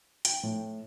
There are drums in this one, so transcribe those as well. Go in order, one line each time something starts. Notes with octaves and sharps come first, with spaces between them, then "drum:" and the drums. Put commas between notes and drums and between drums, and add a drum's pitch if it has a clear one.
G5, drum: hi-hat
A2